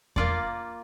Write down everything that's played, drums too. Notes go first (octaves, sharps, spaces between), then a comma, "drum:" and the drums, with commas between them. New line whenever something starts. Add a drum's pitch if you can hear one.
A#3 F4 D5, drum: kick E2